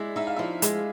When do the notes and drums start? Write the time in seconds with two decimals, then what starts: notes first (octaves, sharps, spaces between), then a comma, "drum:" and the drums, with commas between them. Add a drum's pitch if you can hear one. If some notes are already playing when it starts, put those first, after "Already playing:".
Already playing: G#3 D4 E4 D5 E5
0.16 D#4 E5
0.27 F5
0.37 F3 E4 E5
0.62 G#3, drum: hi-hat